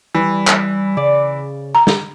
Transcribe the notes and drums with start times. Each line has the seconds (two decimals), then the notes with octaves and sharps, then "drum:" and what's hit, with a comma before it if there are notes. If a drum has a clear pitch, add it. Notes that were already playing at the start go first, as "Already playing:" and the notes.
0.15 E3 G3
0.47 drum: clap
0.97 C#3 D5
1.75 A#5
1.87 drum: snare